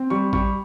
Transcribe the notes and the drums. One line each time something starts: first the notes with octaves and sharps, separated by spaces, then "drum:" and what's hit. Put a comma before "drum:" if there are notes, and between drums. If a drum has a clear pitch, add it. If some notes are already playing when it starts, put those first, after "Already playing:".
Already playing: C4
G3 C#6
G3 C#6, drum: kick A1